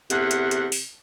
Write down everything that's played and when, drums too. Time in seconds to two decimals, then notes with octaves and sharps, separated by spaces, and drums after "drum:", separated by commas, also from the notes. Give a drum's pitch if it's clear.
0.10 E2 C3 A3 F#5, drum: hi-hat
0.31 drum: hi-hat
0.51 drum: hi-hat
0.72 drum: open hi-hat